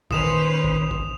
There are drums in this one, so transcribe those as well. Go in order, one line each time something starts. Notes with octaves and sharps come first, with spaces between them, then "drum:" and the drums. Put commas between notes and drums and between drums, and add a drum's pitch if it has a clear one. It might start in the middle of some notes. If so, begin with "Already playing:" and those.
A#2 D#3 C#4 B4 C5 D#6 E7 F7, drum: kick
drum: kick
drum: kick